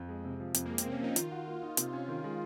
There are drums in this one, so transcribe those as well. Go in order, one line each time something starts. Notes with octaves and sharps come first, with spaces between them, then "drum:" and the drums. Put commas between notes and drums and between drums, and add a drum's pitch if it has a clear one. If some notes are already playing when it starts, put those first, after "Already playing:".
Already playing: F2
G#3
C3
F3
F2, drum: hi-hat
G#3 A#3
C4, drum: hi-hat
C3
C#4
F3 D#4
D#3 F4, drum: hi-hat
F#4
A#3
D#4
C3, drum: hi-hat
C#4
D#3
G#3